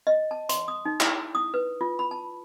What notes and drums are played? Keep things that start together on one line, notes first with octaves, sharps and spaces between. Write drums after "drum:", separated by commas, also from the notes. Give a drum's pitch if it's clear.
D#5
A5
C6, drum: hi-hat
D#6
D#4
E4, drum: clap
D#6
B4
F4
B5
A5